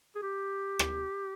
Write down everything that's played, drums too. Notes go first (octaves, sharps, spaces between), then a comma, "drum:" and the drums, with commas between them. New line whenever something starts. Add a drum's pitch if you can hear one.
G#4
G4
drum: rim click